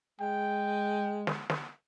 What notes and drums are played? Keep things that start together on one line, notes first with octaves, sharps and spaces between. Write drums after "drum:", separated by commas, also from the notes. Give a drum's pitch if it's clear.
G#3 G5
drum: snare
drum: snare